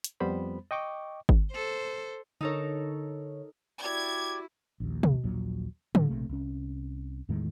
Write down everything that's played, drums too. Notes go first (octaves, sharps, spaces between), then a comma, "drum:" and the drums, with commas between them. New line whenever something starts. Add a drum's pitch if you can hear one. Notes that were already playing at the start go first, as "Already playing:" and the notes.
drum: hi-hat
F2 G3 B3 C5 B5
D#5 G5 C#6 D6
drum: kick G#1
A4 C5
D3 D#4 A4 A#4 C#5
E4 F#4 G4 D5 G#6
A#1 D#2
drum: tom
A#1 D#2 A#2 F#3
A2 D3 D#3 G3, drum: tom C#3
A#1 C3 A3
C2 C#4
E2 A2 D#3 G#3